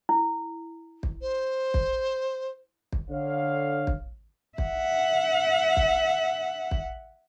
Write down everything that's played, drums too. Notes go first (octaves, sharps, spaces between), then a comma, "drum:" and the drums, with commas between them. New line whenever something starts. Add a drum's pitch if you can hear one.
E4
drum: kick
C5
drum: kick
drum: kick
D3 C#5 F5
drum: kick
E5 F#5, drum: kick
drum: kick
drum: kick